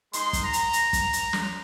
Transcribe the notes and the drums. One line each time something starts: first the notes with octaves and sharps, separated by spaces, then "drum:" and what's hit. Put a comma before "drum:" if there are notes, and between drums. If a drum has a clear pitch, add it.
G#3 D#4 C6, drum: hi-hat
drum: kick, hi-hat
A#5
drum: hi-hat
drum: hi-hat
drum: kick, hi-hat
drum: hi-hat
drum: snare